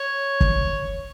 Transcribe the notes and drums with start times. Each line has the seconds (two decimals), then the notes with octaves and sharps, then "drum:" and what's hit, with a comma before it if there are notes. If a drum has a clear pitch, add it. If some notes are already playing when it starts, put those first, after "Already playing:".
Already playing: C#5
0.41 drum: kick